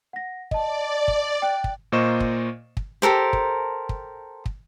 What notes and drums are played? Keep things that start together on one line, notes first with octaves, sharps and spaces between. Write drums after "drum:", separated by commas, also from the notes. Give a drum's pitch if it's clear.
F#5 A#6
D5 D#5 A5, drum: kick
drum: kick
G5 F#6
drum: kick
A#2 A#3 C5 D#5 C#6 E7
drum: kick
drum: kick
G4 A4 A#4 C5
drum: kick
drum: kick
drum: kick